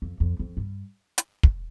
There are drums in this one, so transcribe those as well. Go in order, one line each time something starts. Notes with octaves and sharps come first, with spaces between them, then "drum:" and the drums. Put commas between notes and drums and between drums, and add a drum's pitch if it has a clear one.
F2
F2
F2
G2
drum: hi-hat
drum: kick